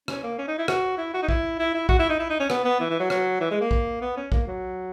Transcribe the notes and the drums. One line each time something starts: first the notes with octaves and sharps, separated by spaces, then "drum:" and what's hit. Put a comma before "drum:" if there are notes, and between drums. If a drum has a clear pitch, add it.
C#4, drum: rim click
A#3
C#4
D#4
E4
F#4, drum: rim click
E4
F#4
D#4
E4, drum: kick A#1
E4
E4
F#4, drum: kick A#1
E4
D#4
E4
D#4
C#4
B3, drum: rim click
B3
E3
E3
F#3
F#3, drum: rim click
E3
G#3
A#3
drum: kick A#1
B3
C#4
A#3, drum: kick A#1
F#3